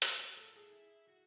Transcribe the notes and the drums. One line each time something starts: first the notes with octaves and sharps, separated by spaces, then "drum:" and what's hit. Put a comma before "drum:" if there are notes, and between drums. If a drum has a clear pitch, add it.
G4 A#4, drum: hi-hat
B4
F#4 A#4
F4 A4
E4 G#4
E4
F#4